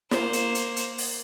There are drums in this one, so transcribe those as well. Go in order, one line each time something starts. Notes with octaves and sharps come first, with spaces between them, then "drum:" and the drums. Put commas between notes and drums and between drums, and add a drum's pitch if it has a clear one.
A#3 C5, drum: snare
drum: hi-hat
drum: hi-hat
drum: hi-hat
drum: open hi-hat